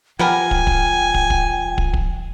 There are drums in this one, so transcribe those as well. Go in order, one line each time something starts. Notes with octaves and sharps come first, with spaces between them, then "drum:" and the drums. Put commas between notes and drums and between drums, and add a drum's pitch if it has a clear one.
F3 B3 G4 A#4 G5 G#5
drum: kick
drum: kick
drum: kick
drum: kick
drum: kick
drum: kick